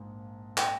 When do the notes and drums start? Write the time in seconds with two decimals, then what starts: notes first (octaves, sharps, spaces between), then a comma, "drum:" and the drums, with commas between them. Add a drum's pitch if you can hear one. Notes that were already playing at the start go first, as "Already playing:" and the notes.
Already playing: A#1 G#2 A#3
0.57 G5, drum: clap